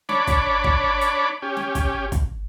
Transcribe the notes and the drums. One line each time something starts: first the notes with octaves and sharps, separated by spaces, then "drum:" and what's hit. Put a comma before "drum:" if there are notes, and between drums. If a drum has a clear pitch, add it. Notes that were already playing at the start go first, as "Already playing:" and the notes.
D4 C#5 B5 D6, drum: snare
drum: kick, hi-hat
drum: kick
drum: hi-hat
C#4 G4
drum: snare
drum: kick, hi-hat
drum: kick, hi-hat